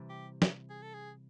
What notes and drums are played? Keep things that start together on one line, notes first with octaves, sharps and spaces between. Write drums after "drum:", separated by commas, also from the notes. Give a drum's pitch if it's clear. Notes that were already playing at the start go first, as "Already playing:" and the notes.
Already playing: C3 E3 G3
G4
drum: snare
G#4
A4
G#4